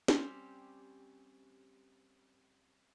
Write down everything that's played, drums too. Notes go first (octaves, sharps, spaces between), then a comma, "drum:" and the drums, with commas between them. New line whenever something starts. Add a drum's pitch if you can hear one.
G3 C4 C#4 G4, drum: snare